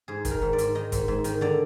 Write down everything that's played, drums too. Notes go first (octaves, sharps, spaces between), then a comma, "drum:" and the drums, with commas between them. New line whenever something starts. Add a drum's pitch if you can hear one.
G#2 G#4
D#3, drum: kick, hi-hat
A#4
G#2
D5
G#2, drum: hi-hat
D#3 D#5
G#2, drum: kick, hi-hat
G#2
D#3, drum: hi-hat
D3 D5